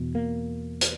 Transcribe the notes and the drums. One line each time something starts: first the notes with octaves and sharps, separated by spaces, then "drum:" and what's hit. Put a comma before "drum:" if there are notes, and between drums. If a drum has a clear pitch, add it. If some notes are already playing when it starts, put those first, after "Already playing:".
Already playing: E2 B2
A#3
drum: hi-hat